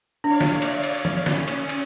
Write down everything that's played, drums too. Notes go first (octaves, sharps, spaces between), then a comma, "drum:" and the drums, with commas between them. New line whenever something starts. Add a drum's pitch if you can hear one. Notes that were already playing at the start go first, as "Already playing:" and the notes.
D4 C#5 D5 F5
drum: snare
drum: cymbal
drum: cymbal
drum: tom
C#4, drum: snare
drum: cymbal
drum: cymbal